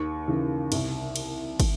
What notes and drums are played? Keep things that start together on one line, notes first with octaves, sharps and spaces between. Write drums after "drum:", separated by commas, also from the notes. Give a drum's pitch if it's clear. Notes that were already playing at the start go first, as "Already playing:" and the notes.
Already playing: D#2 C#6
C#3 E3
C2, drum: cymbal
drum: cymbal
drum: kick, cymbal